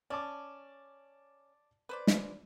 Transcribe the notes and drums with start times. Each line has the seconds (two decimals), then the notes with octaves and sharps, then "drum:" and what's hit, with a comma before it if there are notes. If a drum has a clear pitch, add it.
0.10 C#4 D5 A5 D6
1.89 B4 C5 D5
2.07 drum: snare